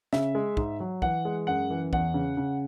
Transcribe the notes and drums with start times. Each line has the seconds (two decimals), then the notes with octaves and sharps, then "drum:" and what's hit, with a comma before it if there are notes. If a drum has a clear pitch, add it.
0.13 C#3 E5, drum: snare
0.35 G#3
0.57 G#2, drum: kick
0.80 F#3
1.02 E3 F#5, drum: kick
1.25 G#3
1.47 F#2 F#5
1.70 E3
1.93 E2 F#5, drum: kick
2.14 C#3
2.37 C#3